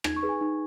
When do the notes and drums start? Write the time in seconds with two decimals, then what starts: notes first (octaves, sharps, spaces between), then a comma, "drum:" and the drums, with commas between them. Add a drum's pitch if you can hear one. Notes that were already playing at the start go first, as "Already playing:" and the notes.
0.04 D#4 G#6, drum: rim click
0.16 C#6
0.23 G#4 B4
0.29 G#5
0.41 D#4